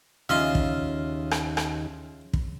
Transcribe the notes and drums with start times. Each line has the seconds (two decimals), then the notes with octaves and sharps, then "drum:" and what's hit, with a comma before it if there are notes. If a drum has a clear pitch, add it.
0.29 D#2 C#3 F4 D#5 E5 F6
0.55 drum: kick
1.31 drum: rim click
1.57 drum: rim click
2.33 drum: kick